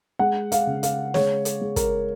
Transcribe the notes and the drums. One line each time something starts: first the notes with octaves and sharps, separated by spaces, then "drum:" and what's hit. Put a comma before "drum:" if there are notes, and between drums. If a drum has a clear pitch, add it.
G#3 F#5
F5, drum: hi-hat
C#3
F5, drum: hi-hat
G#3 C#5, drum: snare
drum: hi-hat
G#3
A#4, drum: kick, hi-hat